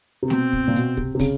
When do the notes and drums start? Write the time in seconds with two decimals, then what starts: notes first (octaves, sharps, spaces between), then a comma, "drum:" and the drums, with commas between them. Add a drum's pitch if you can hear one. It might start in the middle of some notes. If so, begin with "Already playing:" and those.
0.23 C3
0.30 B2 C4, drum: snare
0.53 drum: kick
0.68 A#2
0.76 B2, drum: hi-hat
0.97 C3, drum: kick
1.15 C3
1.20 C#3, drum: kick, open hi-hat